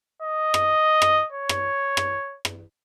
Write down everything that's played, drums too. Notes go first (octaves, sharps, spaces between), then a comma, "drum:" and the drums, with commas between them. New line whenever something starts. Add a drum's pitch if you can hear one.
D#5
drum: rim click
drum: rim click
C#5
drum: rim click
drum: rim click
drum: rim click